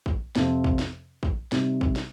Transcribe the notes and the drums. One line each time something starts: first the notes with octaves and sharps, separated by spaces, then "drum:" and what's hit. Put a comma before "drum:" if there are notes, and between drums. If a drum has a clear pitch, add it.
drum: kick
F2 C3 F3 C4, drum: snare
drum: kick
drum: snare
drum: kick
C3 G3 C4 D#4, drum: snare
drum: kick
drum: snare